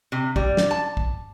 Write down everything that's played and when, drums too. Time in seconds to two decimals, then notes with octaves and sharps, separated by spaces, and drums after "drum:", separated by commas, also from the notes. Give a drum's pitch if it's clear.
0.12 C3
0.36 G3, drum: kick
0.57 drum: snare
0.71 A5
0.97 drum: kick